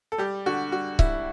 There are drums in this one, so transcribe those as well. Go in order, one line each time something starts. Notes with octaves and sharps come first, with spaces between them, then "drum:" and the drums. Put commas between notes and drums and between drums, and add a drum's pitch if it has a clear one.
A4
G3 G4
D3 F#4
G3 F#4
G3 E4, drum: kick C#1